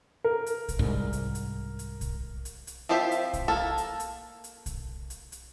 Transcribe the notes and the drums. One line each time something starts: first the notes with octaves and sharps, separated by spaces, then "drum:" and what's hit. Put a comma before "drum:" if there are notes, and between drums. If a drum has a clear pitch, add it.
A#4
drum: hi-hat
drum: kick, hi-hat
C2 G#2
drum: hi-hat
drum: hi-hat
drum: hi-hat
drum: kick, hi-hat
drum: hi-hat
drum: hi-hat
F3 C4 G4 C5 E5
drum: hi-hat
drum: kick, hi-hat
A#3 A4
drum: hi-hat
drum: hi-hat
drum: hi-hat
drum: kick, hi-hat
drum: hi-hat
drum: hi-hat